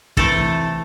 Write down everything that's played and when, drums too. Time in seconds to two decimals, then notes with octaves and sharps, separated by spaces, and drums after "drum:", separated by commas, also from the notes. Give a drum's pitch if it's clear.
0.17 C3 E3 A3 A4, drum: kick